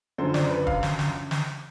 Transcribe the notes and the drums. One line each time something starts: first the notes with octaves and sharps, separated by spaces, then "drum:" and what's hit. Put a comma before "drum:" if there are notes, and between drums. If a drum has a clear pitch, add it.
F#2 D3 F3 C5
D5, drum: snare
B4
F5, drum: kick
drum: snare
drum: snare
drum: snare